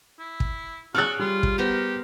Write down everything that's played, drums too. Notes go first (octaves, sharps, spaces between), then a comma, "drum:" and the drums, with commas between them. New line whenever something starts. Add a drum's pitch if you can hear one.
E4
drum: kick
F#4 G#4 C#5 D5 F6 F#6
G3 F4
drum: kick
B3 G4 A#4 C5